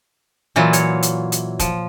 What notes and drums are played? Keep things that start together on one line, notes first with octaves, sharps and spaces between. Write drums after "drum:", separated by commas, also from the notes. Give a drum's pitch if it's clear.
A#2 E3 F#3 F4
C#5, drum: hi-hat
drum: hi-hat
drum: hi-hat
F3, drum: kick, hi-hat